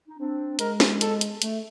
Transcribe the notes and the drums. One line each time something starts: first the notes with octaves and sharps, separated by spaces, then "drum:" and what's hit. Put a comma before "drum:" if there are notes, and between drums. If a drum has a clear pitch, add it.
D#4
C4 D4
G#3 A#4, drum: hi-hat
drum: snare
A4, drum: hi-hat
drum: hi-hat
A3, drum: hi-hat